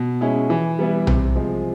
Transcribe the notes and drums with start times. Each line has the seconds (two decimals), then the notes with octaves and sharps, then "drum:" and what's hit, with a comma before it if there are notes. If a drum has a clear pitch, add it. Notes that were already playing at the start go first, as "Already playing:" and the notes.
Already playing: B2
0.21 G#3 C#4 E4
0.50 E3
0.79 G3 B3 E4
1.07 C3, drum: tom B1
1.35 F3 G#3